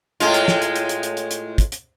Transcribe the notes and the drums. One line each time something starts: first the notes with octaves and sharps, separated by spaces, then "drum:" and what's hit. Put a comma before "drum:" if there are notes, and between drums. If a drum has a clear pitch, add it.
A2 G#3 F4, drum: hi-hat
drum: hi-hat
drum: snare
drum: hi-hat
drum: hi-hat
drum: hi-hat
drum: hi-hat
drum: hi-hat
drum: hi-hat
drum: kick, hi-hat
drum: hi-hat